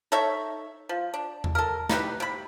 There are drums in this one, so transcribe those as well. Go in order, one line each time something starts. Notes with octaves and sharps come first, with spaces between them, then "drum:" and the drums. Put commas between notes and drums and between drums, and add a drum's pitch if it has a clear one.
D#4 A4 C#5 E5
F3
D4
drum: tom E2
A4 A#4
D#4 E4 G4 B4, drum: snare
C3 B5